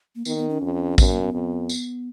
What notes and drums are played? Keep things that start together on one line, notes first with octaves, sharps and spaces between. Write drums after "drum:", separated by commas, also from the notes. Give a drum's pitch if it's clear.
A#3
D#3 B3, drum: tambourine
B3
C#4
F2
F#2 B3, drum: kick A1, tambourine
A#3
B3
F2
drum: tambourine